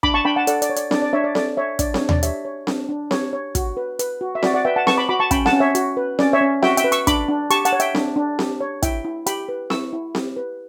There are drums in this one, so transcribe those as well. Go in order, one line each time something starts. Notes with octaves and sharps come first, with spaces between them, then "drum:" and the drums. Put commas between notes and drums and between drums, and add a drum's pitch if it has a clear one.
D4 B5 D6, drum: kick
A5 C#6
D4 G5 B5
F#5 A5
A4 D5 F#5, drum: hi-hat
D5, drum: hi-hat
C#5
D5, drum: hi-hat
D4 D5, drum: snare C4
D5
D4 C#5 E5
D5
A4 D5, drum: snare C4
C#5 E5
D4 D5, drum: kick, hi-hat
C#5, drum: snare C4
D4
D5, drum: tom D#2
G4 C#5 E5, drum: hi-hat
C#5
D4, drum: snare C4
D4
G4 C#5, drum: snare C4
C#5
F#4, drum: kick, hi-hat
B4
B4, drum: hi-hat
F#4
E5
F#4 D5, drum: snare C4
D5 F#5
B4 E5 G5
F#5 A5
B4 A5 C#6, drum: snare C4
B5 D6
F#4 B5 D6
A5 C#6
C#4 G5 B5, drum: kick, hi-hat
F#5 A5, drum: snare C4
C#4
C#5 E5
F#4, drum: hi-hat
B4
C#4 D5, drum: snare C4
C#5 E5
C#4
F#4 E5 G5, drum: snare C4
E5 G5, drum: hi-hat
B4
C#6 E6, drum: hi-hat
D4 B5 D6, drum: kick, hi-hat
D4
G4 A5 C#6, drum: hi-hat
F#5 A5, drum: hi-hat
C#5
E5 G5, drum: hi-hat
D4, drum: snare C4
D4
G4, drum: snare C4
C#5
E4 E5 G5, drum: kick, hi-hat
E4
G4 G5 B5, drum: hi-hat
B4
E4 C#6 E6, drum: snare C4
E4
G4, drum: snare C4
B4